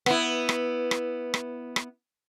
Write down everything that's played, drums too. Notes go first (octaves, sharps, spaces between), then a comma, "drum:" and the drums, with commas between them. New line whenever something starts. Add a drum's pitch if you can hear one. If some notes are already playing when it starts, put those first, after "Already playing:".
B3 E4, drum: rim click
drum: rim click
drum: rim click
drum: rim click
drum: rim click